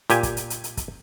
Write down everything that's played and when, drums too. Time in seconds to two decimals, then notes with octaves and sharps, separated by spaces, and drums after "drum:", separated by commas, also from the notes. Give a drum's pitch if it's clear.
0.10 A#2 G4 G#5, drum: hi-hat
0.23 drum: kick, hi-hat
0.37 drum: hi-hat
0.50 drum: hi-hat
0.64 drum: hi-hat
0.77 drum: kick, hi-hat